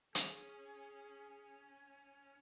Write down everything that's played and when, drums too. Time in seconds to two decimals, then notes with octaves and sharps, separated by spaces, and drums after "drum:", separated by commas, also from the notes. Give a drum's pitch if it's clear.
0.15 C#4 G#4, drum: hi-hat